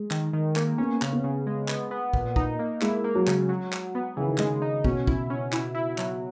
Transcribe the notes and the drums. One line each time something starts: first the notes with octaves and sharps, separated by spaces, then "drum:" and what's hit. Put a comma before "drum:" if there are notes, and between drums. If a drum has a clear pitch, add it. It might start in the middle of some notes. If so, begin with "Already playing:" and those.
Already playing: G#3
D#3, drum: clap
D#3
A#3, drum: clap
B3 C#4
C#3, drum: clap
B3
C#3
G#3
B3, drum: clap
B3
A#2, drum: kick
D#4, drum: kick
A#3
G#3 E4, drum: clap
A#3
F#3
C#3, drum: clap
F#3
F#3, drum: clap
B3
C#3 E3
D#3
C#3 G#3, drum: clap
D#4
B2 C#4, drum: kick
E4, drum: kick
C#4
E4, drum: clap
E4
F#3, drum: clap